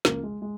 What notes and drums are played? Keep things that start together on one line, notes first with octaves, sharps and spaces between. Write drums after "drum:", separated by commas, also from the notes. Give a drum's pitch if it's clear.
C#2 C#3 F3 A#3, drum: snare
G#3
G#3